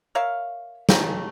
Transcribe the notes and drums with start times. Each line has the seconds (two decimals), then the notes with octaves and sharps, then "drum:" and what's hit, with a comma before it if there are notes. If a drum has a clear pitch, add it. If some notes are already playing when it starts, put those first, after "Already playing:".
0.15 A#4 C#5 E5 F5
0.89 A3 C4 C#4 D#4, drum: snare